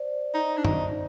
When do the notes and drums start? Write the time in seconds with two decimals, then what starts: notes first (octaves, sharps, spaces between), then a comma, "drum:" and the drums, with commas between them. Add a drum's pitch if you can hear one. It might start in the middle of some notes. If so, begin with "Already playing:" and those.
Already playing: C5 D5
0.34 D#4
0.57 D4
0.65 D#4, drum: tom F#2